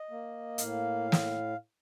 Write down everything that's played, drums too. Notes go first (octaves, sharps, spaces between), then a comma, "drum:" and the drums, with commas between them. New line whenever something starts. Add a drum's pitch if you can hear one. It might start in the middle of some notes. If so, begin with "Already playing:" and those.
Already playing: D#5
A#3
A2 F5, drum: hi-hat
drum: snare